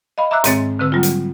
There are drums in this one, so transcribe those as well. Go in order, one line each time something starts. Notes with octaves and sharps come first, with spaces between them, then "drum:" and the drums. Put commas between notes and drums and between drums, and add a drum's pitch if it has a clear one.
D#5 F5 B5
E5 A#5 D6 E6 F#6
G#2 D#3 G#3 C4 C#5 A6, drum: hi-hat
D3 C4 B4 E6
D3 F#3 G3 A#3 F4
drum: hi-hat